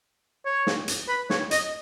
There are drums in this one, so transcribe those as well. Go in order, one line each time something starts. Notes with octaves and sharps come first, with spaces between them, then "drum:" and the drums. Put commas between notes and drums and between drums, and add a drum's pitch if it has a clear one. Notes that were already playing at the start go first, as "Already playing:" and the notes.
C#5
drum: snare
drum: hi-hat
B4
C#5, drum: snare
D#5, drum: hi-hat